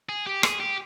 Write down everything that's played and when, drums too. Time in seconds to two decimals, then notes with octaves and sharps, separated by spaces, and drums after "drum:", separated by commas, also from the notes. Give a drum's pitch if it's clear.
0.09 G#4
0.27 G4
0.43 G#4, drum: rim click
0.60 G4